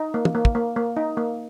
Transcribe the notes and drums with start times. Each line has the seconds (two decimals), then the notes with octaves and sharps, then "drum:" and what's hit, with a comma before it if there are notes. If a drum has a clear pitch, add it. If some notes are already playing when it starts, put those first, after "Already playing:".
Already playing: D#4
0.14 A#3
0.25 drum: tom
0.35 A#3
0.45 drum: kick
0.55 A#3
0.76 A#3
0.97 D#4
1.17 A#3